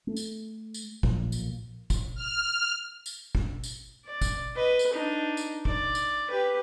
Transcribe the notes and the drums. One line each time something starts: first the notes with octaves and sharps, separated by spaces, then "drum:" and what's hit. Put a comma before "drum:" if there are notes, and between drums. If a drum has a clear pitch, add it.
A3
drum: tambourine
drum: tambourine
B1 A#2 F3 A#3, drum: kick
drum: tambourine
drum: kick, tambourine
F6
drum: tambourine
drum: kick
drum: tambourine
D5
drum: kick, tambourine
B4 D#5
drum: tambourine
D4 D#4
drum: tambourine
D5, drum: kick
drum: tambourine
G4 B4